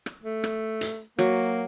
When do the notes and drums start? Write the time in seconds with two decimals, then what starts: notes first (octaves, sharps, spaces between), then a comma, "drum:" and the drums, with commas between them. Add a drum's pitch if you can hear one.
0.06 drum: rim click
0.24 A3
0.44 drum: rim click
0.81 drum: hi-hat
1.19 F#3 A#3, drum: rim click